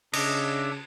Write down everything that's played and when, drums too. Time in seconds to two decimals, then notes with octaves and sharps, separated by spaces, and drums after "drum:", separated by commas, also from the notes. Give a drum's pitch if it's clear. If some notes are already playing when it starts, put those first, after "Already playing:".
0.13 C#3 D4 D#5 E5, drum: cymbal